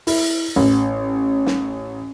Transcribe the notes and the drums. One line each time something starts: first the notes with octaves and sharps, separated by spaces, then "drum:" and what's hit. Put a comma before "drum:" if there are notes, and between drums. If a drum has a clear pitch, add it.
E4, drum: open hi-hat
A1
drum: snare